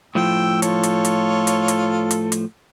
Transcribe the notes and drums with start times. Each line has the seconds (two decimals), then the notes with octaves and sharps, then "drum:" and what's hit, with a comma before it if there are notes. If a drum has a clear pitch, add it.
0.15 A2 F3 G5 E6
0.62 F4 A4 C#5, drum: hi-hat
0.83 drum: hi-hat
1.05 drum: hi-hat
1.47 drum: hi-hat
1.68 drum: hi-hat
2.11 drum: hi-hat
2.32 drum: hi-hat